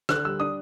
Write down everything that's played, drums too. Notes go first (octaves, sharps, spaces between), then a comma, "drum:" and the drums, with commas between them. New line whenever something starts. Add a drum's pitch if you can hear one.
D3 F#6, drum: rim click
G3 E6
D4 D#6